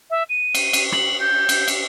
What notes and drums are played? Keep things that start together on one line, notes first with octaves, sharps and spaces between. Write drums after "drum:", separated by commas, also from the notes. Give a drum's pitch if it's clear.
E5
D#7
drum: cymbal
drum: cymbal
F#7, drum: rim click
G6
drum: cymbal
drum: cymbal